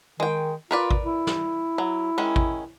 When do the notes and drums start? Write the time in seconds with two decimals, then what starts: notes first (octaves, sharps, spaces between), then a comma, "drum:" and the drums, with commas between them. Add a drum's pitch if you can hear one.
0.20 D#3 G#3 G5
0.71 F4 A#4 B4 D5
0.91 drum: kick A1
1.04 E4
1.27 drum: snare
1.78 F#3
2.18 D#3 G#3 C#4
2.36 drum: kick A1